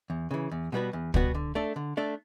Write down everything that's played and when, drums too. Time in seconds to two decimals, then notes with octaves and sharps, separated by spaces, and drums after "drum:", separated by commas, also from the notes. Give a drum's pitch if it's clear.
0.10 E2
0.31 C#3 E3
0.51 E2
0.72 B2 G3 B3 F#4
0.93 E2
1.14 B2 G3 B3 F#4, drum: kick
1.35 D3
1.55 A3 D4 A4
1.76 D3
1.97 A3 D4 A4